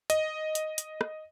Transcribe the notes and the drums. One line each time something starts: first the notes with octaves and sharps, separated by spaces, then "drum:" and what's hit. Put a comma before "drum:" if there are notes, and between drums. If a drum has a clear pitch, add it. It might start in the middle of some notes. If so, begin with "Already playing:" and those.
D#5, drum: hi-hat
drum: hi-hat
drum: hi-hat
drum: rim click